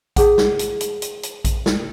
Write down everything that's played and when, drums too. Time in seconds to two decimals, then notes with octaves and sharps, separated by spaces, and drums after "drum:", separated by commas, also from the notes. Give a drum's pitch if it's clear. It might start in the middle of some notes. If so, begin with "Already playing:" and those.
0.16 G#4 F#5, drum: kick A#1, hi-hat
0.38 drum: snare
0.59 drum: hi-hat
0.81 drum: hi-hat
1.02 drum: hi-hat
1.23 drum: hi-hat
1.45 drum: kick A#1, hi-hat
1.66 drum: snare